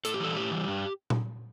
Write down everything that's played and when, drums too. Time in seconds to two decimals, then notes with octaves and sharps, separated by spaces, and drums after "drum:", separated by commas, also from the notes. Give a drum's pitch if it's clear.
0.05 A2 A4, drum: hi-hat
0.14 G4
0.20 E3 G3 A4
0.36 A2 G4
0.51 E3 G3
0.68 G2
1.10 drum: tom A#2